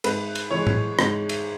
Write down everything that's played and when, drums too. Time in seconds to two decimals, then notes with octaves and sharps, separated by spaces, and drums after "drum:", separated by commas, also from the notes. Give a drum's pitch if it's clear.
0.04 G#2 B4, drum: cymbal
0.35 drum: cymbal
0.51 E3 G#3 C#5
0.67 drum: tom A2
0.99 G#2, drum: rim click
1.29 drum: cymbal